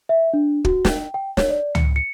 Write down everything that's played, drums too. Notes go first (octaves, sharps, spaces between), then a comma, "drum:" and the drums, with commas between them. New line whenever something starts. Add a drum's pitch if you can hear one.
E5
D4
F#4, drum: kick
G5, drum: snare
G5
C#5, drum: snare
D5
C#7, drum: tom C#2
C#7